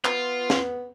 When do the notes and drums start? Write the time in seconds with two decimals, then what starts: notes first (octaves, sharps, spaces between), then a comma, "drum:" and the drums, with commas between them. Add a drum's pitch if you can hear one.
0.05 B3 F4, drum: clap
0.50 drum: snare